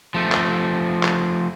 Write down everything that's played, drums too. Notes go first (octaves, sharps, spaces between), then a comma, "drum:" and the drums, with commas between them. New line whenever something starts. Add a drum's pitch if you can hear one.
F3 A3
drum: clap
drum: clap